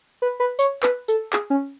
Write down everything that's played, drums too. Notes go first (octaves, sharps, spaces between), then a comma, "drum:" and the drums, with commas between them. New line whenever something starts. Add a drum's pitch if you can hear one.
B4
B4
C#5, drum: tambourine
B4, drum: clap
A4, drum: tambourine
G#4, drum: clap
C#4